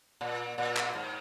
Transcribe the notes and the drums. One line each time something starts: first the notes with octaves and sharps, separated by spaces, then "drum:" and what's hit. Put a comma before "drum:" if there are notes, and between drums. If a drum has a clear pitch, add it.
A#2
A#2
drum: clap
G#2